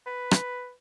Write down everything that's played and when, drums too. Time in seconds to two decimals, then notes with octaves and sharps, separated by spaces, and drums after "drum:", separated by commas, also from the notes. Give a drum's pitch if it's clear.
0.06 B4
0.31 drum: rim click